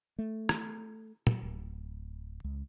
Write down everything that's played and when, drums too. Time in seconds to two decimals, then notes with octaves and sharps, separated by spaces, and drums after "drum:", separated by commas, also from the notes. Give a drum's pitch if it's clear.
0.19 A3
0.49 drum: rim click
1.27 drum: tom
1.43 D1
2.44 C#2